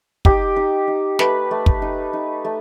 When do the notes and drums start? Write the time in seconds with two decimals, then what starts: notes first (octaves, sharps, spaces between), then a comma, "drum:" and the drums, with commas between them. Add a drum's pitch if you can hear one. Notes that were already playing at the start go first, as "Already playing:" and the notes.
0.25 D#4 G4, drum: kick
0.56 D#4
0.88 D#4
1.19 A3 B4, drum: snare
1.51 A3
1.66 drum: kick
1.82 D#4
2.13 D#4
2.45 A3